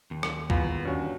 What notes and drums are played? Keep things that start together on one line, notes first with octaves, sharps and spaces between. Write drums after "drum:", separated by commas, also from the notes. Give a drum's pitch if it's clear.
D#2
drum: rim click
E2 F4 B4, drum: kick
G2 C#4 F#4